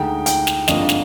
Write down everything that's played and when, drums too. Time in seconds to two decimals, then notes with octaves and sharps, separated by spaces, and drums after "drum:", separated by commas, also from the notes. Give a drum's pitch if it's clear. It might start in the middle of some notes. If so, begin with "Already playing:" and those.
Already playing: D2 D3 G#3 D#4 G5
0.26 G5, drum: hi-hat
0.47 drum: snare
0.68 G#1 G2 D3 F3 A#3 D#5, drum: snare
0.89 drum: snare